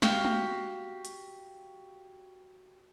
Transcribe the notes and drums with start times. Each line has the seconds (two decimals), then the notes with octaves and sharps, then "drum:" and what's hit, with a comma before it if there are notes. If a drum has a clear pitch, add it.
0.02 F#4 G4 F5, drum: snare
0.25 drum: tom
1.05 drum: hi-hat